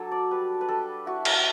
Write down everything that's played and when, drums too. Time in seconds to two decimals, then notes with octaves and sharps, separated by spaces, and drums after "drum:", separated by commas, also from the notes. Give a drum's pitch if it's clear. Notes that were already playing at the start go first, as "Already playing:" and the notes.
Already playing: F#3 D4 A4
0.11 D5
0.31 G3 B4
0.61 B4
0.68 G3 A4
1.06 E4 F#4
1.25 drum: cymbal